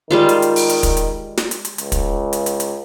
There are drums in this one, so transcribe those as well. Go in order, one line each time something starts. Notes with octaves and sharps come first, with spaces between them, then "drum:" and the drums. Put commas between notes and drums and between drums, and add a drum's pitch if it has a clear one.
D#3 G3 G#3 F4
drum: hi-hat
drum: hi-hat
drum: open hi-hat
drum: hi-hat
drum: kick, hi-hat
drum: hi-hat
drum: snare
drum: hi-hat
drum: hi-hat
C#2, drum: hi-hat
drum: kick, hi-hat
drum: hi-hat
drum: hi-hat
drum: hi-hat